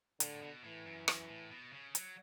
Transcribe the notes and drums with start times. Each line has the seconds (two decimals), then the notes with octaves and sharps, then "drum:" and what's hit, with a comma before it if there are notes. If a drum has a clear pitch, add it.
0.20 A2 D3, drum: hi-hat
0.42 B2
0.64 A2 E3
0.86 F#2
1.08 F#2, drum: rim click
1.29 A2
1.51 B2
1.73 C#3
1.95 F#3, drum: hi-hat